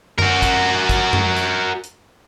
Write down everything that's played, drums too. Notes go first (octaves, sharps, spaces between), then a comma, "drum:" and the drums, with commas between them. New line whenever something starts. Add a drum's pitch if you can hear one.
F#4 A#4, drum: tom F#2
drum: kick, hi-hat
drum: kick, hi-hat
drum: tom F#2
drum: hi-hat
drum: hi-hat